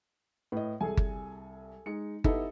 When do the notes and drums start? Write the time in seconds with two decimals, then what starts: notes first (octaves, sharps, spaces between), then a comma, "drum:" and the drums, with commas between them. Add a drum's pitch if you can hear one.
0.52 A2 B4 D#5
0.81 C2 G#4 A4 G#5
0.97 drum: kick G1
1.86 G#3 D#4 C#7
2.24 B3 D#4 E4 G4 A4 B4, drum: kick G1